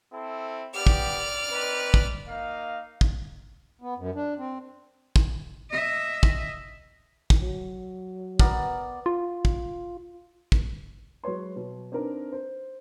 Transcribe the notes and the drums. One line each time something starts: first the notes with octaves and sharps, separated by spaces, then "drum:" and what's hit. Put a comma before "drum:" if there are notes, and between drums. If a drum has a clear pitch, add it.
C4 E4 A4
B3 G4 D5 F6
drum: kick
C4 D#4 B4
drum: kick
A#3 D#4 F5
drum: kick
B3
F#2
D4
C4
drum: kick
D#5 E5
drum: kick
drum: kick
F#3
B3 A#4 D5, drum: kick
F4
drum: kick
drum: kick
F#3 G#3 B4 C#5 C6
B2 F#3
C4 D4 D#4 A#4 B4
C5